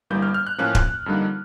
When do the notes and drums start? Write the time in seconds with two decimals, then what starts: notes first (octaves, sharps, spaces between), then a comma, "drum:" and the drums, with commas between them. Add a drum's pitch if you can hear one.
0.10 G1 G2 E3 G3 A#3 G6
0.22 F6
0.34 F6
0.47 F#6
0.58 A2 F3 A#3 C#4 F#6
0.75 drum: kick
1.06 F2 D3 G3 A#3 D#4